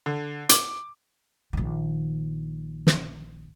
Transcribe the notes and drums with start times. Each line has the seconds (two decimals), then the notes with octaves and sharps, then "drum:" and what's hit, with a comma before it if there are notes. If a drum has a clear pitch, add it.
0.06 D3
0.49 D6, drum: hi-hat
1.53 A#1 D#3
2.87 drum: snare